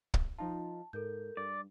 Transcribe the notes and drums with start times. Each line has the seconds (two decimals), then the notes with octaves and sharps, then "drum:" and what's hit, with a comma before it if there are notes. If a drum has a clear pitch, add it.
0.14 drum: kick
0.39 F3 D#4 F4 A5
0.93 G#2 A4 A#4 G6
1.37 G2 D5